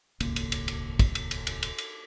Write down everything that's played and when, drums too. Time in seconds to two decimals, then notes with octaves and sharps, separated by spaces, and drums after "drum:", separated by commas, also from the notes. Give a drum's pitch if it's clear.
0.20 D#1 G#1 C#2 A#3, drum: cymbal
0.36 drum: cymbal
0.52 drum: cymbal
0.68 drum: cymbal
0.99 drum: kick, cymbal
1.15 drum: cymbal
1.31 drum: cymbal
1.47 drum: cymbal
1.63 drum: cymbal
1.78 drum: cymbal